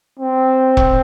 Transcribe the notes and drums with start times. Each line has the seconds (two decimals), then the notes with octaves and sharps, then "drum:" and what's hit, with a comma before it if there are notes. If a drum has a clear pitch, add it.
0.20 C4
0.77 drum: kick E1